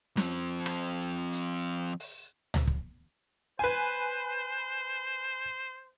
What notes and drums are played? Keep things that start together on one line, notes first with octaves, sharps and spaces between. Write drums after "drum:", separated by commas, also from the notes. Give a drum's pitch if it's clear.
F3 C4, drum: snare
drum: rim click
drum: hi-hat
drum: open hi-hat
drum: tom C#2
drum: kick
B4 C5 G#5